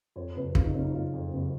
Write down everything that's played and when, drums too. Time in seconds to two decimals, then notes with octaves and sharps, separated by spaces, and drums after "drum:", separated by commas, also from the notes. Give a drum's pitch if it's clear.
0.16 F2 C#5
0.36 F#1 B4
0.55 C#3 F4, drum: kick
0.65 D#4
0.75 F#1 C#4
0.84 D#4
0.94 F#1 F4
1.14 F2
1.33 F#1